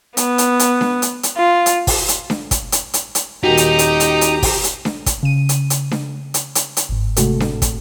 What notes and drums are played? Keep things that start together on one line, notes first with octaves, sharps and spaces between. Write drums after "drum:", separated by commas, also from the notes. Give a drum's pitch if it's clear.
B3, drum: hi-hat
drum: hi-hat
drum: hi-hat
drum: snare D4
drum: hi-hat
drum: hi-hat
F4
drum: hi-hat
drum: kick, open hi-hat
drum: hi-hat
drum: snare D4
drum: kick, hi-hat
drum: hi-hat
drum: hi-hat
drum: hi-hat
D#1 A#2 D#4 F#4 G4 A#5 B6
drum: hi-hat
drum: hi-hat
drum: hi-hat
drum: hi-hat
drum: kick, open hi-hat
drum: hi-hat
drum: snare D4
drum: kick, hi-hat
C#3 D#7
drum: hi-hat
drum: hi-hat
drum: snare D4
drum: hi-hat
drum: hi-hat
drum: hi-hat
G1 G#2
A2 C3 G#3 A3 F#4 A4, drum: hi-hat
drum: snare D4
drum: kick, hi-hat